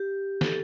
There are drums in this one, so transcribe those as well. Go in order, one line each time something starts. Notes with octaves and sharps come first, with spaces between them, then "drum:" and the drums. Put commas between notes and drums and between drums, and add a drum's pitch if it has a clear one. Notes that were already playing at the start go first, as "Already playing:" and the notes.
Already playing: G4
A4, drum: snare